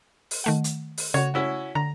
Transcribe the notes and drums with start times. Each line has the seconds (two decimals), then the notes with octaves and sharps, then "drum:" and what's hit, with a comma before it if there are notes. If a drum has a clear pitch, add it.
0.31 drum: open hi-hat
0.44 D#3 A3 F#5
0.64 drum: hi-hat
0.98 drum: open hi-hat
1.14 C#3 F#4 C#5
1.34 C#4 E4 F#4
1.75 D3 A#5